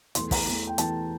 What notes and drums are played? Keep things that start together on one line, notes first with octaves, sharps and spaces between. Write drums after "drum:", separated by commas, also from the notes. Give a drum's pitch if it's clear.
E2 E3 A3 C6, drum: hi-hat
A#5, drum: kick, open hi-hat
E2 E3 A3
G5
E2 E3 A3 A5, drum: hi-hat